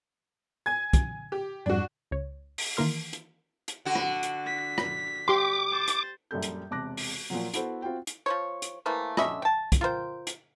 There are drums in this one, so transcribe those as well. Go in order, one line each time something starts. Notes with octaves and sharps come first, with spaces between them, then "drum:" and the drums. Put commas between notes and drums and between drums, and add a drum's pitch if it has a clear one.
G#5 G#6
drum: kick, hi-hat
G4
F2 G#2 G3 D4 F#4
C#2 C#5
drum: open hi-hat
D#3 E3 A#3 A#4 C6 F6
drum: hi-hat
drum: hi-hat
D3 F#4
drum: rim click
drum: hi-hat
B6
drum: rim click
G4 C6 D6
C5 A6
drum: hi-hat
A#1 F#2 G3 A4 G6
drum: hi-hat
E1 C3 A5 D6 F#6 A#6
drum: open hi-hat
A#2 F3 F#3
B3 E4 F#4 A4 C5, drum: hi-hat
C4 F4 F#4 G5
drum: hi-hat
F3 C5 C#5
drum: hi-hat
E3 A3 A#3 C5
D3 C#4 D#5 E5, drum: rim click
G5 A5
drum: kick, hi-hat
F4 A#4 C5 G5
drum: hi-hat